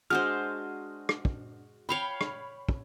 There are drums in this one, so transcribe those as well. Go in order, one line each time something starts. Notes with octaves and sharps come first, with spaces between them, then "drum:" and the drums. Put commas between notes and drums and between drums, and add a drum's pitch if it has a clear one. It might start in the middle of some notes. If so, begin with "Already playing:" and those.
G#3 D4 F#4 C5 F6
drum: rim click
drum: kick
C#5 F5 G5 B5
drum: rim click
drum: kick